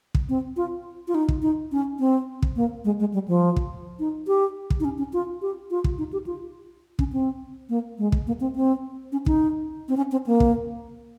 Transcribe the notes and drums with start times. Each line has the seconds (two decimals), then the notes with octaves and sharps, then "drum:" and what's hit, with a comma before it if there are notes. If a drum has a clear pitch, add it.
0.15 drum: kick
0.29 C4
0.57 F4
1.08 F4
1.15 D#4
1.28 drum: kick
1.42 D#4
1.72 C#4
1.99 C4
2.42 drum: kick
2.56 A#3
2.85 G#3
3.00 G#3
3.14 G3
3.28 F3
3.56 drum: kick
3.99 D#4
4.27 G4
4.70 drum: kick
4.80 D#4
4.85 C#4
4.98 C#4
5.13 F4
5.42 G4
5.71 F4
5.84 drum: kick
5.98 D#4
6.13 G4
6.27 F4
6.99 C#4, drum: kick
7.12 C4
7.69 A#3
7.98 G#3
8.12 drum: kick
8.27 A#3
8.40 C4
8.55 C4
9.12 C#4
9.26 D#4, drum: kick
9.89 C4
9.97 C#4
10.12 C4
10.27 A#3
10.40 drum: kick